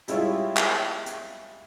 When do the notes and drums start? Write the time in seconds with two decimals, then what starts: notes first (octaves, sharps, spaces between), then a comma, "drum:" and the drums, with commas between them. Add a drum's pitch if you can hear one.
0.08 G3 G#3 E4 F4 C#5, drum: hi-hat
0.57 drum: clap
1.06 drum: hi-hat